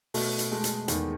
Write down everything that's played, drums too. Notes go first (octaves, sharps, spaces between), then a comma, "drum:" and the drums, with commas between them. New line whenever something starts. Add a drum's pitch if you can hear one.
B2 A3, drum: open hi-hat
drum: hi-hat
G#3 A3
drum: hi-hat
E2 D#3, drum: hi-hat